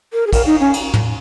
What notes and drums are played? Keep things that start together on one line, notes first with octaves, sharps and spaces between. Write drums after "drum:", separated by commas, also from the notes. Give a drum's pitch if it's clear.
A#4
G#4
A#4, drum: kick, cymbal
D#4
C#4
drum: cymbal
drum: tom